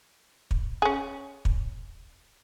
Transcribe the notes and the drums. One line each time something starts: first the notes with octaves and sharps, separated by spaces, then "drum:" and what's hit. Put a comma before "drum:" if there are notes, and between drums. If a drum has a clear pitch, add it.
drum: kick
C#4 G#4
drum: kick